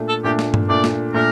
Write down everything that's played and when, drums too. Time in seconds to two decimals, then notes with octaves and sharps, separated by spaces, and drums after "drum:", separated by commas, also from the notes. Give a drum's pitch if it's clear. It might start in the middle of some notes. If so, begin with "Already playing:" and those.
Already playing: A#2 A3 D4
0.08 A4
0.24 A#2 A3 D4 G4
0.39 drum: snare
0.54 drum: tom G2
0.69 A#2 A3 D4 D5
0.84 drum: snare
1.14 A#2 A3 D4 A#4